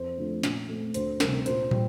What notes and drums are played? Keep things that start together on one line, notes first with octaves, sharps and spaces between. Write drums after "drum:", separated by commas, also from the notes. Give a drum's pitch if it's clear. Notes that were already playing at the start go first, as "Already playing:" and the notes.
Already playing: F2 C5
D3 F3 A3
A#2, drum: snare
A3 C4
D2 C5, drum: hi-hat
C3 G3 C4 A#4, drum: snare
A#2 C5, drum: hi-hat
G3, drum: tom